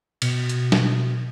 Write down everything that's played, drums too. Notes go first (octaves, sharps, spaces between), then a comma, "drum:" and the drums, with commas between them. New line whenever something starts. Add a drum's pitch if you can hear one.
B2, drum: cymbal
drum: hi-hat
drum: snare